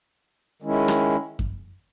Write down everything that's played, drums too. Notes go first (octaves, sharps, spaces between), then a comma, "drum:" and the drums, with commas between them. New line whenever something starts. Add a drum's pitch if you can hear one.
D#3 G#3 C#4 E4
drum: rim click
drum: kick F#2